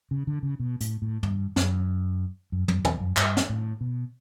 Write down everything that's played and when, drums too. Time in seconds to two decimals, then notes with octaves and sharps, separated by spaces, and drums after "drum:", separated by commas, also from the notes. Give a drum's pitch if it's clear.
0.11 C#3
0.27 D3
0.43 C#3
0.60 B2
0.81 A2, drum: hi-hat
1.02 A2
1.23 G2, drum: tom
1.56 F#2, drum: snare
2.52 F#2
2.68 F#2, drum: tom
2.85 E2, drum: tom
3.01 F#2
3.17 G2, drum: clap
3.37 drum: snare
3.49 A2
3.81 B2